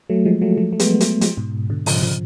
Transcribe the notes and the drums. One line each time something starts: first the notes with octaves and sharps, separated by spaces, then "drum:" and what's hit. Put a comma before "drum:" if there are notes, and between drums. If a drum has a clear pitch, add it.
F#3 A3
F3 G#3
F#3 A3
F#3 A3
A3
G#3 B3, drum: hi-hat
B3
F#3 A3, drum: hi-hat
F3 G#3, drum: hi-hat
G#2 B2
B2 D3
C#3 F3, drum: open hi-hat
C#3 F3